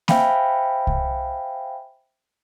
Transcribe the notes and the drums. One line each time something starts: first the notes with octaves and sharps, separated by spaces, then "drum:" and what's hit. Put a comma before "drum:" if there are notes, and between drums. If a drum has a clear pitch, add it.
C5 E5 F5 G5 G#5 B5, drum: snare A#3
drum: kick C2